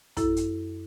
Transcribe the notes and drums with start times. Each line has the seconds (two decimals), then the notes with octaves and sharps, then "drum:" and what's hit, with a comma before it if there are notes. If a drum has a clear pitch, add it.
0.17 F#2 E4 A4, drum: kick, hi-hat
0.36 drum: hi-hat